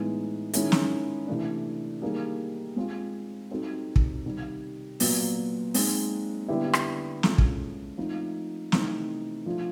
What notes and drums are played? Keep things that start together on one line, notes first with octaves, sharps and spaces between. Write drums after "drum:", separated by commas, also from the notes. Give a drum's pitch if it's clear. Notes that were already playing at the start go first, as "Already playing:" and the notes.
Already playing: A2 E3 G#3 B3 D#4
D#3 G#3 C#4 E4 G#4, drum: hi-hat
drum: snare
C3 E3 A3 D4
D#3 G3 A#3 D#4 G#4
G#3 C4 F4
G3 C4 D#4 F#4 A4
drum: kick
C3 D#3 G3
A#2 F#3 B3, drum: open hi-hat
G#3 C4 D#4, drum: open hi-hat
D3 G3 B3 E4 G4
drum: rim click
G#3 C#4 F4 A4, drum: snare
drum: kick
F3 A3 C4 D#4
C3 E3 A3 C4 D#4, drum: snare
F3 A3 D4 F4